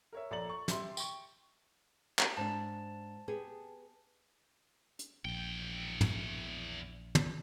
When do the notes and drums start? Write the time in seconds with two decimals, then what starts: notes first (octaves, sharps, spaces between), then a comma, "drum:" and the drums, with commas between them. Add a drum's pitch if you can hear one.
0.13 A#4 C#5 E5
0.31 A#1 A4 D5 A#5 A6 F#7
0.49 C#6
0.68 G4 E5 C6, drum: snare
0.97 G5 C#6, drum: tambourine
2.19 drum: clap
2.37 G#2 D4 A5
3.28 B3 G4 G#4
4.99 drum: hi-hat
5.25 A#1 E2 G5
6.01 drum: tom
7.15 drum: tom